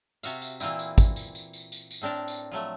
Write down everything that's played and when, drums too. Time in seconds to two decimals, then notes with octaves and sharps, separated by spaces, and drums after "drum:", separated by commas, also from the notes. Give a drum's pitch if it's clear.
0.23 C3 F#4 E5 F5, drum: tambourine
0.42 drum: tambourine
0.60 A#2 E3 A#3 C4 E4, drum: tambourine
0.79 drum: tambourine
0.98 drum: kick, tambourine
1.16 drum: tambourine
1.35 drum: tambourine
1.53 drum: tambourine
1.72 drum: tambourine
1.91 drum: tambourine
2.02 A2 C4 D4 A#4 A5
2.28 drum: tambourine
2.51 F3 F#3 A3